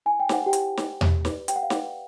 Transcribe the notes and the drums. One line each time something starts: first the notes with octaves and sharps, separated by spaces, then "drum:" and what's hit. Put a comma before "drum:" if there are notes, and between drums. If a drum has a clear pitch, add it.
E4 G#5
G5
G4 C5 F#5, drum: snare
G4 G5
E4, drum: hi-hat
G4 C5, drum: snare
G4, drum: tom E2
B4 D5, drum: snare
G4 G5, drum: hi-hat
F#5
F5
B4 D5 F#5, drum: snare